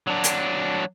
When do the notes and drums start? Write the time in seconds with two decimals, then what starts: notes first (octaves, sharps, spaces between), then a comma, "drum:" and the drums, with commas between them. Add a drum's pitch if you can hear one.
0.07 F#3 D4
0.24 drum: hi-hat